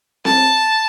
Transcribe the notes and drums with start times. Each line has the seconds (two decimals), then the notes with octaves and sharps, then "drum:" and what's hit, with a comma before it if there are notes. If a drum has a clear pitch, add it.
0.25 A5, drum: snare C4